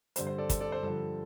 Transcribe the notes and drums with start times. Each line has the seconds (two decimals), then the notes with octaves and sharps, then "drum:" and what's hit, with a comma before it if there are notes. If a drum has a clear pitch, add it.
0.16 G2 D3 G3 C5, drum: hi-hat
0.27 C5
0.38 A4 D5
0.50 drum: kick, hi-hat
0.60 A4 D5
0.72 C5
0.83 G2 D3 F3 A4